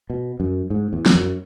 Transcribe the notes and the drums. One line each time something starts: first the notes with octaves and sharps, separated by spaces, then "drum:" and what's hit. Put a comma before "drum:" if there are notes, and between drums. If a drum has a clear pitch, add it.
B2
F#2
G#2
E2
drum: snare
F#2